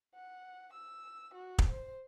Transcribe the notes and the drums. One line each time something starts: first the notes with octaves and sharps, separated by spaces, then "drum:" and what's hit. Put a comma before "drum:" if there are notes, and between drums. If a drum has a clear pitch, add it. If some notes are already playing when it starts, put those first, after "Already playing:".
F#5
E6
F#4
drum: kick
C5